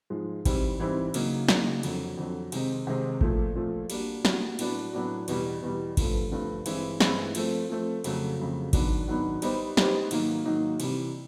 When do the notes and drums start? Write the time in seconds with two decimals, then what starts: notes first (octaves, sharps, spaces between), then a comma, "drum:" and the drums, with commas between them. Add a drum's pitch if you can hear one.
0.10 G#2 F3 G#3
0.45 G#2 E3 G3 C4 E4, drum: kick G#1, cymbal
0.79 G#2 E3 G3 C4 E4
1.14 C#3 F#3 A#3 D#4, drum: cymbal
1.48 C#3 F#3 A#3 D#4, drum: snare
1.83 F2 D3 F#3, drum: cymbal
2.17 F2 D3 F#3
2.52 C3 D#3 G#3 C4 D#4, drum: cymbal
2.87 C3 D#3 G#3 C4 D#4
3.21 A#2 F3 A3, drum: kick G#1
3.55 A#2 F3 A3
3.90 G3 A#3 D4 F#4, drum: cymbal
4.25 G3 A#3 D4 F#4, drum: snare
4.59 A2 F#3 B3 D4 F#4, drum: cymbal
4.93 A2 F#3 B3 D4 F#4
5.28 E2 B2 G3, drum: cymbal
5.62 E2 B2 G3
5.97 G2 D3 F3 A3, drum: kick G#1, cymbal
6.31 G2 D3 F3 A3
6.66 G2 E3 G#3 C4 E4, drum: cymbal
7.00 G2 E3 G#3 C4 E4, drum: snare
7.35 F3 A3 C4, drum: cymbal
7.69 F3 A3 C4
8.04 F2 C#3 F#3 A3, drum: cymbal
8.39 F2 C#3 F#3 A3
8.73 G#2 D#3 F#3 B3 D4, drum: kick G#1, cymbal
9.08 G#2 D#3 F#3 B3 D4
9.42 G3 B3 D#4 G4 C5, drum: cymbal
9.77 G3 B3 D#4 G4 C5, drum: snare
10.11 G#2 D#3 F#3 A#3 D#4, drum: cymbal
10.45 G#2 D#3 F#3 A#3 D#4
10.80 C3 E3 G3, drum: cymbal